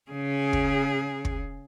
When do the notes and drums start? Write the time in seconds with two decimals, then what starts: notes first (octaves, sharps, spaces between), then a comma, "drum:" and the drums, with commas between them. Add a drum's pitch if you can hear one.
0.11 C#3 G#4
0.53 drum: kick
1.25 drum: kick